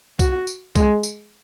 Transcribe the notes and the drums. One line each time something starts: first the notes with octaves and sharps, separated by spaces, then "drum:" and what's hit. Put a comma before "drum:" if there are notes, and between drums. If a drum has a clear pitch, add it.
F#4, drum: kick C2, tambourine
drum: tambourine
G#3, drum: kick C2, tambourine
drum: tambourine